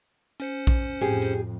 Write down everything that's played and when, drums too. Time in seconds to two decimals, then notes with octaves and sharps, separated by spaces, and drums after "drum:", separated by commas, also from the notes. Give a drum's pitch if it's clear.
0.40 C#4 C5 C#7, drum: hi-hat
0.67 drum: kick A#1, hi-hat
1.01 F2 A2 G4 G#4
1.22 drum: hi-hat